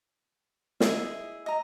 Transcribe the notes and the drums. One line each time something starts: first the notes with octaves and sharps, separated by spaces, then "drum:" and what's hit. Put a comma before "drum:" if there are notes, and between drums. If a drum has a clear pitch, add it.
E4 G#4 D#5 E5, drum: snare
D#5 A#5